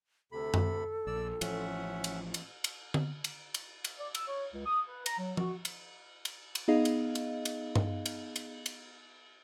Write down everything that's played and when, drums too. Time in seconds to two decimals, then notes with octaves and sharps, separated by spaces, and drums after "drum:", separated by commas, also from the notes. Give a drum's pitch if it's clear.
0.32 D2 C3 A4 B5
0.54 drum: tom F#2
1.07 A#1 D5 E6
1.41 A1 A2 F3 C#4 E5 F#5, drum: cymbal
2.04 drum: cymbal
2.34 drum: cymbal
2.64 drum: cymbal
2.94 drum: tom D3
3.24 drum: cymbal
3.54 drum: cymbal
3.85 drum: cymbal
3.99 D5
4.15 E6, drum: cymbal
4.28 C#5
4.54 C#2
4.66 D#6
4.88 B4
5.06 A#5, drum: cymbal
5.19 F#3
5.37 F#4, drum: tom F3
5.65 drum: cymbal
6.25 drum: cymbal
6.55 drum: cymbal
6.68 B3 D#4 G#4 D#5 F5
6.85 drum: cymbal
7.15 drum: cymbal
7.45 drum: cymbal
7.75 drum: tom G2
8.06 drum: cymbal
8.36 drum: cymbal
8.66 drum: cymbal